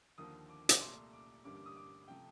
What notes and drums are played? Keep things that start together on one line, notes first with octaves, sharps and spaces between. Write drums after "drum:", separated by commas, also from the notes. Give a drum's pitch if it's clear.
D#2 D3 F3 A#3 D#6
D6
D6, drum: hi-hat
C2 A#2 A3 C6
D6
A1 G2 D3 G3 A#3 D6
D6
D#6
D6
C3 F3 A3 G5